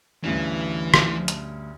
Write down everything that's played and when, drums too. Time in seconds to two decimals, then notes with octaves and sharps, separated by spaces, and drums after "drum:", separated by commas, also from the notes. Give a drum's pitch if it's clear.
0.24 D2 G2 E3 C#4
0.94 drum: rim click
1.28 drum: hi-hat